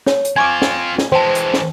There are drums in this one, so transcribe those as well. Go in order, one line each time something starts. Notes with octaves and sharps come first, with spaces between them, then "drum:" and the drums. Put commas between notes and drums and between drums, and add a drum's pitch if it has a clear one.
C#5, drum: snare
drum: hi-hat
C4 F4 G#5 C#6 D6 G#6
drum: snare
drum: snare
E3 G#3 C5 G5 A5
drum: hi-hat
drum: snare